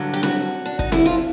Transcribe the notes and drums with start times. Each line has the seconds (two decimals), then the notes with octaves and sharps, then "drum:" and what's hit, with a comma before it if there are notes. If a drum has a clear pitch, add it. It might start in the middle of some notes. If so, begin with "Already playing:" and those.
Already playing: G2 D3 F#3
0.13 G4
0.23 F#4, drum: snare C4
0.65 D4
0.79 D#4, drum: kick
0.92 E4, drum: snare C4
1.06 F4